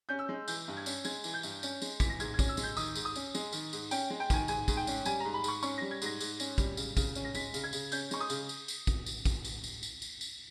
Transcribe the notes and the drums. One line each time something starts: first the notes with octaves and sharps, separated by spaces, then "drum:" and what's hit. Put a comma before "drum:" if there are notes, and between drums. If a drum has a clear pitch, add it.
C#4 G6
E6
G#3
E3 G6, drum: tambourine
G2
G#6
C#4, drum: tambourine
G#3 G#6, drum: tambourine
E3, drum: tambourine
G6
G2, drum: tambourine
C#4, drum: tambourine
G#3, drum: tambourine
E3 B6, drum: kick, tambourine
A#6
G#2 G#6, drum: tambourine
G#6
C#4, drum: kick, tambourine
E6
G#3, drum: tambourine
G6
D#3 D#6, drum: tambourine
G#2, drum: tambourine
D#6
C#4, drum: tambourine
G#3, drum: tambourine
D#3, drum: tambourine
G#2, drum: tambourine
C#4 G5, drum: tambourine
G#3
G5
D#3 G#5, drum: kick, tambourine
G#2 G#5, drum: tambourine
G#2, drum: kick, tambourine
G5
C#4, drum: tambourine
G3 G#5, drum: tambourine
G#2 A#5
B5
G#2 C#6, drum: tambourine
C#4 C#6, drum: tambourine
G3 A#6
G#6
G#2 A#6, drum: tambourine
G#2, drum: tambourine
C#4, drum: tambourine
G3, drum: kick, tambourine
C#3, drum: tambourine
C#3, drum: kick, tambourine
C#4, drum: tambourine
A#6
G#3 B6, drum: tambourine
C#3, drum: tambourine
G#6
C#3, drum: tambourine
C#4 G6, drum: tambourine
G#3 C#6, drum: tambourine
D#6
C#3, drum: tambourine
drum: tambourine
drum: tambourine
drum: kick, tambourine
drum: tambourine
drum: kick, tambourine
drum: tambourine
drum: tambourine
drum: tambourine
drum: tambourine
drum: tambourine